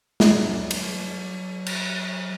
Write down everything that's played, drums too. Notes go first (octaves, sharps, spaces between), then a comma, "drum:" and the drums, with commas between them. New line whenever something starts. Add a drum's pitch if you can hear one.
G3, drum: snare
F#3
drum: cymbal
drum: cymbal